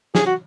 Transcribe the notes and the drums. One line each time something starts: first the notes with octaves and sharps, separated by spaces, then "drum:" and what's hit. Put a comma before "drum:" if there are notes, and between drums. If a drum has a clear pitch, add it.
G#4, drum: snare
F#4